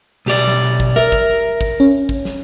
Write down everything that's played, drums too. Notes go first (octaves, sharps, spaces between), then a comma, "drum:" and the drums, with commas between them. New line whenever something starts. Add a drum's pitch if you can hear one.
B1 G4 D5
drum: snare
drum: kick
A#4 E5, drum: snare
drum: kick
drum: kick
C#4
drum: kick
drum: snare